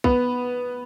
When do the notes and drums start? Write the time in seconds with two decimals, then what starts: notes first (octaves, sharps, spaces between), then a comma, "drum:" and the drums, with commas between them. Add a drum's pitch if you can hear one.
0.04 B3, drum: kick